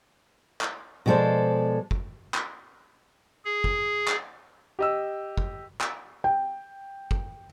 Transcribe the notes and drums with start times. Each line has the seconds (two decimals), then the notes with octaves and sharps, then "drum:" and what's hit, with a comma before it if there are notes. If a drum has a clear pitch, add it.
0.61 drum: clap
1.06 B2 F3 G#3 A4 C5 D5
1.91 drum: kick
2.34 drum: clap
3.45 G#4
3.64 drum: kick
4.08 drum: clap
4.79 G4 D#5 E6
5.37 drum: kick
5.81 drum: clap
6.24 G5
7.11 drum: kick